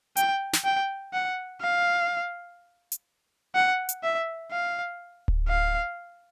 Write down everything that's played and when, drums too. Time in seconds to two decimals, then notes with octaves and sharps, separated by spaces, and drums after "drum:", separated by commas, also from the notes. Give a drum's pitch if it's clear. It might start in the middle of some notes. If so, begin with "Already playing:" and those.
0.17 G5, drum: hi-hat
0.53 drum: snare
0.65 G5
1.14 F#5
1.62 F5
2.92 drum: hi-hat
3.55 F#5
3.89 drum: hi-hat
4.03 E5
4.52 F5
5.28 drum: kick D1
5.49 F5